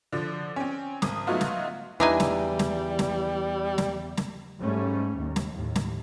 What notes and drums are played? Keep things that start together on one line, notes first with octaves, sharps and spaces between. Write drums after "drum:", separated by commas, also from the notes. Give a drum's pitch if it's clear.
D3 F3
C4 C#4
G#1 D#6, drum: snare
F#3 A3 B3 D#4 F4 F#4
drum: snare
E2 E3 G3 D4 D#4 G#5
drum: snare
drum: snare
drum: snare
drum: snare
drum: snare
G#2 G3 A3 C#4
D#2
drum: snare
D#2 A2
drum: snare